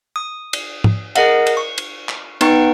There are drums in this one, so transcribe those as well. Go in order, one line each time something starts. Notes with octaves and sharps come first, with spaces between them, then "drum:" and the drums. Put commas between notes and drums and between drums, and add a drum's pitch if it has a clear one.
D#6
drum: cymbal
drum: tom G#2
G#4 A#4 D#5 F5 F#5, drum: cymbal
drum: cymbal
C#6
drum: cymbal
drum: clap
B3 D#4 B4 G5 C#6, drum: cymbal